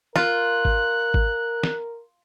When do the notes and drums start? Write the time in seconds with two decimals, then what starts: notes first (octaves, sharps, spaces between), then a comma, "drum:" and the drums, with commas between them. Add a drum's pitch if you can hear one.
0.16 F4 A#4 F#6, drum: snare
0.65 drum: kick G#1
1.14 drum: kick G#1
1.63 drum: snare